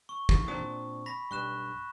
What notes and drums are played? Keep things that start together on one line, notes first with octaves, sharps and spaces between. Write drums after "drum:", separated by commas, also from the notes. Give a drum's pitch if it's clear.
C#6
drum: kick
A#2 C4 D4 D#6
B5 A#6 B6
B1 G2 C#6 F#6 E7